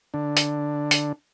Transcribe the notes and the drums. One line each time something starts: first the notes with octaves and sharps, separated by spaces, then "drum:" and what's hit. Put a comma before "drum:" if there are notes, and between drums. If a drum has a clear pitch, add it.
D3 D4
drum: hi-hat
drum: hi-hat